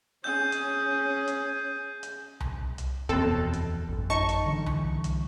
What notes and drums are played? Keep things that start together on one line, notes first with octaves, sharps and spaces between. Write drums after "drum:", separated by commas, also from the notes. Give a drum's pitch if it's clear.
C#4 G#4 G6
drum: hi-hat
drum: hi-hat
drum: hi-hat
drum: tom C2
drum: hi-hat
D#1 F2 B2 E3 C4 A4
drum: hi-hat
A1 F#2
D#4 A5 C#6
drum: hi-hat
D3 E3 G3
drum: tom C2
drum: hi-hat